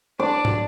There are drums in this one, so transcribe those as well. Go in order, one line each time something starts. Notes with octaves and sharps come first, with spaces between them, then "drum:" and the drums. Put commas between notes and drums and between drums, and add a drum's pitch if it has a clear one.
D4 D5
drum: tom